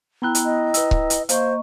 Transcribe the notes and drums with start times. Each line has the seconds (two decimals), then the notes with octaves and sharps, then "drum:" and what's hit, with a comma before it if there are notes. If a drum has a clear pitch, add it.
0.22 B3 E4 G5 A#5 B5 F#6
0.35 drum: hi-hat
0.45 D#5
0.74 B4 E6, drum: hi-hat
0.91 drum: kick C#1
1.10 drum: hi-hat
1.29 A#3 C5 D#5 F5 C#6, drum: hi-hat